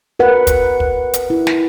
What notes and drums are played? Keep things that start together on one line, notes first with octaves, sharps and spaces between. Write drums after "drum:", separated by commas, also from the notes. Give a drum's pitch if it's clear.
A#4 B4 F#5
drum: kick, hi-hat
drum: kick
drum: hi-hat
E4
drum: snare